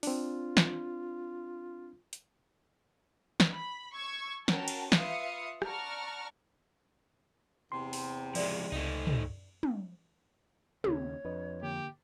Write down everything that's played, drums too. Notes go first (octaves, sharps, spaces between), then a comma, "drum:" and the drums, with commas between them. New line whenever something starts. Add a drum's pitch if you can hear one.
C4 D4 F4, drum: open hi-hat
drum: snare
drum: hi-hat
drum: snare
B5
C#6 E6 G#6
C#4 F#4 A#4 G5 A5, drum: snare
drum: cymbal
F4 B4 E5 F5 D#6 C#7, drum: snare
D5 F#5 A5 A#5 C#6 F6, drum: rim click
E2 C3 C6
drum: open hi-hat
F3 G#3 A#4 D5 E5, drum: cymbal
C#2 A3 D#4
drum: tom
drum: tom
D#2 C#3 C#5, drum: tom
F2 D4 B4 D#5
D3 A#3 G4